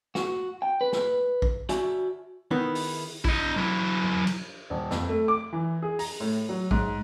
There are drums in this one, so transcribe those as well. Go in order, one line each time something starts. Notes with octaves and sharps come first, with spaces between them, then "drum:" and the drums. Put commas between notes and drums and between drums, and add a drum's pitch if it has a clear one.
F#4, drum: snare
G5
B4
drum: snare
drum: kick A#1
F#4 D5 E5 G#5, drum: hi-hat
D#3 B3 D#4 E4
drum: open hi-hat
E4 D#5, drum: kick A#1
F#3 E4
drum: tom F2
drum: cymbal
D#1
F2, drum: snare
A3
D6
E3
G#4
A#5, drum: open hi-hat
A2
F#3
G#2, drum: kick A#1